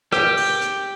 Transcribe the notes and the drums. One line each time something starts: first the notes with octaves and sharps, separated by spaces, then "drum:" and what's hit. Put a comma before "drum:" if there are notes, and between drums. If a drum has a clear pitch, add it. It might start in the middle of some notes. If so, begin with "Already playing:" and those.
G4, drum: rim click
drum: open hi-hat
drum: hi-hat